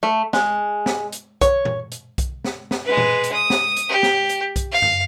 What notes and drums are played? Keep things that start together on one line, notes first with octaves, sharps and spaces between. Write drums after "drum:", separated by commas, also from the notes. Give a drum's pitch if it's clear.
A3
G#3, drum: snare
drum: snare
drum: hi-hat
C#5, drum: kick B1, hi-hat
drum: tom A#2
drum: hi-hat
drum: kick B1, hi-hat
drum: snare
drum: snare
G#3 B4
drum: tom A#2
drum: hi-hat
D#6
drum: snare
drum: hi-hat
G4
drum: snare
drum: hi-hat
drum: kick B1, hi-hat
F5
drum: tom F#2